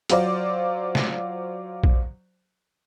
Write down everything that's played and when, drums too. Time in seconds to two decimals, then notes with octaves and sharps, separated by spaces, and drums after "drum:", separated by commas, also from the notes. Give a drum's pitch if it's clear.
0.10 F#3 F4 C5 D5, drum: hi-hat
0.95 drum: snare
1.84 drum: kick A#1